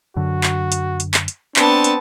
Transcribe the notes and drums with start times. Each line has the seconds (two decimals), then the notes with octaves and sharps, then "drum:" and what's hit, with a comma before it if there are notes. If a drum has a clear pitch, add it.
0.16 F#2 D3 F#4
0.43 drum: clap
0.72 drum: hi-hat
1.00 drum: hi-hat
1.14 drum: clap
1.28 drum: hi-hat
1.56 B3 C4 D4 A5, drum: clap
1.84 drum: hi-hat